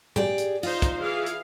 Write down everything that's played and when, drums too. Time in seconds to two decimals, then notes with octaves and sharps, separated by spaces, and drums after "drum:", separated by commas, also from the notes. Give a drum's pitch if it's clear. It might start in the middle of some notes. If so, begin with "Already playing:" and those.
0.16 G4 G#4 D5, drum: tom A2
0.38 drum: hi-hat
0.63 D#4 F4 C5, drum: open hi-hat
0.82 drum: kick, hi-hat
1.00 E3 G#4 F5
1.26 drum: hi-hat